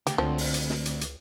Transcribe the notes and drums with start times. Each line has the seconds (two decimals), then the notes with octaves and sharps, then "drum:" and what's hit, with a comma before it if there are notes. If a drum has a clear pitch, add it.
0.07 D2 C#3 G4, drum: hi-hat
0.18 C#2 D3 F3 C4
0.38 drum: open hi-hat
0.54 drum: hi-hat
0.70 drum: snare
0.85 drum: hi-hat
1.01 drum: hi-hat